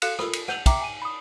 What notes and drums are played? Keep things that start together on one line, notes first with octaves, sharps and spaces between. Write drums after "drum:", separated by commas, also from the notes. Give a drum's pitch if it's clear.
F#4 A4 F5 F#6 C#7 E7, drum: cymbal
F4 A4 A#4 B5 D#6, drum: rim click
drum: cymbal
F#5 G6 D#7 F7 F#7, drum: rim click
E5 G5 A#5 D6, drum: kick, cymbal
G#5 D#7
B5 D#6